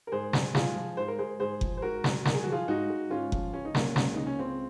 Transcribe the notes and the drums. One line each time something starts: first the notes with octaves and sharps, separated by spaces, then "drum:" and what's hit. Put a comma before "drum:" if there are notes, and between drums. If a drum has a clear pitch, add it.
A#4
G#2 G#4 C5
G#3, drum: snare
G#2 F4 G#4, drum: snare
F3
G#2 C5
A#4
G#3 G#4 C5
G#2 G#4 C5
F3, drum: kick F#1
C5
G#2 F#4 A#4
G#3, drum: snare
G#2 A#4, drum: snare
G#4
F3 F#4
F4 G#4
G#2 D#4 F#4
G#3
G#2 C#4 F4
F3, drum: kick F#1
C#2 C#4
D#4
G#3 A#3 C#4, drum: snare
C#2, drum: snare
C#3 D#4
C#4
C#2 C4